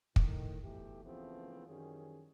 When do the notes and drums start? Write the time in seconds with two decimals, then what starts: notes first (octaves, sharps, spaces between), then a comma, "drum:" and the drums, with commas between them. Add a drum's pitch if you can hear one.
0.16 A2 D#3, drum: kick
0.62 B1 E3 A3 G4
1.04 C#3 E3 F3 A3 B3 C4
1.68 F#2 D#3 E3 G3 C#4 G#4